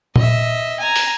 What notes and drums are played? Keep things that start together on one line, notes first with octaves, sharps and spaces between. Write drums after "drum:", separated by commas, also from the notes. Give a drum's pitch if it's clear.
D#5 E5, drum: tom A#2
G#5 A#5
drum: open hi-hat